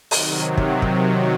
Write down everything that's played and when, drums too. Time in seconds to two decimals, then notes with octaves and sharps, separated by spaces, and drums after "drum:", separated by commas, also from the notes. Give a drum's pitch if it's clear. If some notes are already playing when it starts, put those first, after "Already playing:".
0.11 C3 D#3 F#3, drum: open hi-hat
0.57 drum: kick
0.82 drum: kick